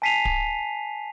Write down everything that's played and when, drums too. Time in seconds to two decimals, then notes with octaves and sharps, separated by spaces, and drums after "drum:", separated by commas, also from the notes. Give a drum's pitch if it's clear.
0.02 G#5 A5 B6 C7 D#7 F7
0.25 drum: kick D1